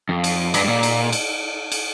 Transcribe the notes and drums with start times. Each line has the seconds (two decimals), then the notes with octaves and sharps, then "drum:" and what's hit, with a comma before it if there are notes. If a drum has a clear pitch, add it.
0.09 F2
0.24 drum: cymbal
0.54 G2, drum: cymbal
0.64 G2
0.68 A#2
0.83 drum: cymbal
1.12 drum: cymbal
1.72 drum: cymbal